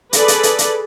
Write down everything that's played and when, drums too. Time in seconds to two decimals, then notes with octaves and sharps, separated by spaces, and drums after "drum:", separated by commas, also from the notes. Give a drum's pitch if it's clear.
0.13 G#4 A4 B4 D5, drum: hi-hat
0.28 drum: hi-hat
0.43 drum: hi-hat
0.58 drum: hi-hat